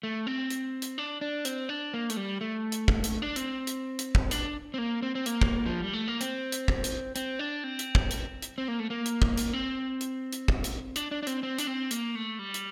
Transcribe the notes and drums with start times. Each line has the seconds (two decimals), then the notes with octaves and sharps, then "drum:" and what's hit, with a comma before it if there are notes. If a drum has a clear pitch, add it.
0.03 A3
0.27 C4
0.50 drum: hi-hat
0.82 drum: hi-hat
0.98 D4
1.21 D4
1.45 C4, drum: hi-hat
1.69 D4
1.94 A#3
2.10 A3, drum: hi-hat
2.17 G3
2.41 A3
2.72 drum: hi-hat
2.88 drum: kick
3.04 drum: hi-hat
3.22 D4
3.36 C4, drum: hi-hat
3.67 drum: hi-hat
3.99 drum: hi-hat
4.15 drum: kick
4.31 D4, drum: hi-hat
4.74 C4
4.78 A#3
5.02 C4
5.15 C4
5.26 A#3, drum: hi-hat
5.41 drum: kick
5.66 F3
5.80 G3
5.93 A3
6.08 A#3
6.21 C4, drum: hi-hat
6.52 drum: hi-hat
6.68 drum: kick
6.84 drum: hi-hat
7.16 C4, drum: hi-hat
7.39 D4
7.64 C4
7.79 drum: hi-hat
7.95 drum: kick
8.11 drum: hi-hat
8.42 drum: hi-hat
8.58 C4
8.68 A#3
8.80 A3
8.90 A#3
9.06 drum: hi-hat
9.22 drum: kick
9.37 drum: hi-hat
9.53 C4
10.01 drum: hi-hat
10.33 drum: hi-hat
10.48 drum: kick
10.64 drum: hi-hat
10.96 D4, drum: hi-hat
11.11 D4
11.23 D4
11.27 C4, drum: hi-hat
11.43 C4
11.58 D4, drum: hi-hat
11.67 C4
11.91 A#3, drum: hi-hat
12.15 A3
12.39 G3
12.54 drum: hi-hat